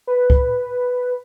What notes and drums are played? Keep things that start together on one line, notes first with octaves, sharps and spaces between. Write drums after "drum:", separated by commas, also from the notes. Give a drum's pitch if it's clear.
B4
drum: kick